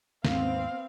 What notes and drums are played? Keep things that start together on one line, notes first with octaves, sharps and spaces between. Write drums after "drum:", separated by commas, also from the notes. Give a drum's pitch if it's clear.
D#2 G#2 B3 C4 F5, drum: snare